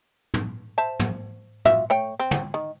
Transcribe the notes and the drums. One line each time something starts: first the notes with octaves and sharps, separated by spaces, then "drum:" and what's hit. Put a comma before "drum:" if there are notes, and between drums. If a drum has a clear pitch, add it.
drum: tom
C5 E5 A5
drum: tom
F4 F#4 E5, drum: tom
A3 C#5 G5
C4
drum: tom
D#3